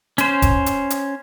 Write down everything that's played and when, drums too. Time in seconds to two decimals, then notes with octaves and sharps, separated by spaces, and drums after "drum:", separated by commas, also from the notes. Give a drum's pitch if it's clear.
0.18 C#4 C5, drum: hi-hat
0.42 drum: kick E1, hi-hat
0.66 drum: hi-hat
0.90 drum: hi-hat